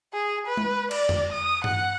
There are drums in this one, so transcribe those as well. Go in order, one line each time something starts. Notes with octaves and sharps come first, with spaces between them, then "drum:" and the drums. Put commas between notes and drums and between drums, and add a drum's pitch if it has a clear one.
G#4
B4
drum: tom G#3
D5, drum: cymbal
drum: tom F2
D#6
F#5, drum: tom G2